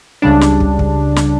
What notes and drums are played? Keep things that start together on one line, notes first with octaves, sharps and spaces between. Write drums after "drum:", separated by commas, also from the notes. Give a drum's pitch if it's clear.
C#2 C#3 G3 D4
drum: snare
drum: kick
drum: kick
drum: snare